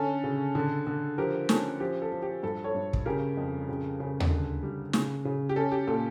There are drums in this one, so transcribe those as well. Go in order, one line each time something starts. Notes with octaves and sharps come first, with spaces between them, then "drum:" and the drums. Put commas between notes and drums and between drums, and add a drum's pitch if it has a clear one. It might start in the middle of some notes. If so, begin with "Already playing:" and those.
Already playing: D3 C#4 A4
C#3
D3
D3
F3 G4 A#4
C#4 A4, drum: snare
F3 G4
A4
F3
G4
G2 A4
A4 C#5
G2
drum: kick
C#3 G4 A#4
F2
C#3
C#3
drum: tom D#2
D3
G3
C#3, drum: snare
C#3
G4
C#4 A4
G4
A#2 A4